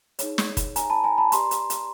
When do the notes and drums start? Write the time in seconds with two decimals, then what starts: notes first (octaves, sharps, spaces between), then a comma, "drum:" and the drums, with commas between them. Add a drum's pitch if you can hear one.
0.19 D#4 G#4 C#5, drum: hi-hat
0.38 drum: snare
0.57 drum: kick, hi-hat
0.76 G#5 A#5, drum: hi-hat
0.90 A5 B5
1.04 G#5 A#5
1.18 A5 B5
1.32 G4 B4 D5 A#5 C6, drum: hi-hat
1.51 drum: hi-hat
1.70 drum: hi-hat